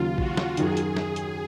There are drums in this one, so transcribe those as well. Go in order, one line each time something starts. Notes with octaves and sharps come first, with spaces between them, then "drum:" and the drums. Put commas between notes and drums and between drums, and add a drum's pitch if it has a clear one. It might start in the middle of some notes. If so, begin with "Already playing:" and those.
Already playing: D#2 C#3 F#3 F4
F#4, drum: kick A1
drum: snare
F#2 D#3 F#3 G#4, drum: hi-hat
drum: hi-hat
drum: snare
drum: hi-hat